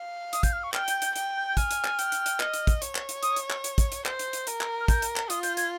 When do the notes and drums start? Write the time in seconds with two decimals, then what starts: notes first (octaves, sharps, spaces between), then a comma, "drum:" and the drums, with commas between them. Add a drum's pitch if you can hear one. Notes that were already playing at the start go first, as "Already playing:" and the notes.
Already playing: F5
0.33 D#6, drum: hi-hat
0.43 G6, drum: kick, hi-hat
0.53 F6
0.64 C#6
0.74 G5 F6, drum: clap
0.88 G6, drum: hi-hat
1.02 G6, drum: hi-hat
1.16 G5, drum: hi-hat
1.37 G6
1.48 G6
1.57 G#5 F6, drum: kick, hi-hat
1.71 drum: hi-hat
1.84 drum: clap
1.99 G5, drum: hi-hat
2.12 drum: hi-hat
2.26 drum: hi-hat
2.40 D#5, drum: clap
2.54 drum: hi-hat
2.67 drum: kick, hi-hat
2.82 C#5, drum: hi-hat
2.95 drum: clap
3.09 drum: hi-hat
3.23 D#6, drum: hi-hat
3.36 drum: hi-hat
3.50 drum: clap
3.64 drum: hi-hat
3.78 drum: kick, hi-hat
3.92 drum: hi-hat
4.06 C5, drum: clap
4.19 drum: hi-hat
4.33 drum: hi-hat
4.47 A#4, drum: hi-hat
4.61 drum: clap
4.80 F6
4.88 G6, drum: kick, hi-hat
5.02 drum: hi-hat
5.16 drum: clap
5.30 F4 D#6, drum: hi-hat
5.43 G6, drum: hi-hat
5.57 G#6, drum: hi-hat